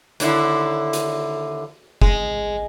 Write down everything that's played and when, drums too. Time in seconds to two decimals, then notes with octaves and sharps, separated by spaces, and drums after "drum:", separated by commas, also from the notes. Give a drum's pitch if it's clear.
0.20 D#2 D3 E4, drum: hi-hat
0.93 drum: hi-hat
2.02 G#3, drum: kick